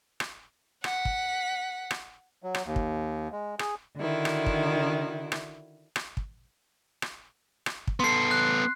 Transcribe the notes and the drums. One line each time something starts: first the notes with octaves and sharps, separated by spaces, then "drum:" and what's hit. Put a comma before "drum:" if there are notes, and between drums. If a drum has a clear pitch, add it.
drum: rim click
F#5 B6, drum: rim click
drum: kick
drum: rim click
F#3
drum: rim click
D#2
drum: kick
G#3
G#4, drum: rim click
D3 D#3 E4 F#4
drum: rim click
drum: kick
drum: rim click
drum: rim click
drum: kick
drum: rim click
drum: rim click
drum: kick
B3 A4 C6 C7
F#6